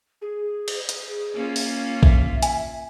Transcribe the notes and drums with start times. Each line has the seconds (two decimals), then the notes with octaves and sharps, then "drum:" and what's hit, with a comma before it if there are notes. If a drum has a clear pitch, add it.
0.21 G#4
0.68 drum: cymbal
0.89 drum: hi-hat
1.34 A#3 C#4 F4
1.56 drum: open hi-hat
2.03 E5, drum: kick A#1
2.43 G#5, drum: hi-hat